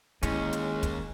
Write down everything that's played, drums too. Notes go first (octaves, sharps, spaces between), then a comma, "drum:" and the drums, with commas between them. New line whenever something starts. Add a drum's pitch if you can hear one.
D#2 G#3 C#4 E4, drum: hi-hat
drum: hi-hat
drum: kick, hi-hat